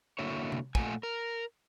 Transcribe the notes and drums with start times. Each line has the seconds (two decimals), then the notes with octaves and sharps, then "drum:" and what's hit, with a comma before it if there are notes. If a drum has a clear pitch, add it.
0.19 D3 A#3 E4 F#4 C#5
0.52 drum: tom C3
0.75 A#2 A3 F4 F#5 G#5, drum: kick
1.03 A#4